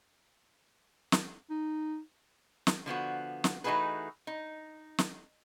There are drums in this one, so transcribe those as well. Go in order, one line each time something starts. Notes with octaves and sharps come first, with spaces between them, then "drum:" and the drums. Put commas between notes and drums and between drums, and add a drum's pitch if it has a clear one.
drum: snare
D#4
drum: snare
D3 F3 B3 F#4
drum: snare
E3 A3 D#4 F#4 G#4 B4
D#4
drum: snare